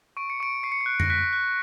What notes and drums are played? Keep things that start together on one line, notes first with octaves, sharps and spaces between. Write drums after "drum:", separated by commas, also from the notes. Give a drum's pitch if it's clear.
C#6 D7
C#7
C#6 D7
C#6 C7
C#7
C7
F#6
A#6, drum: tom F2
F#6 B6
F#6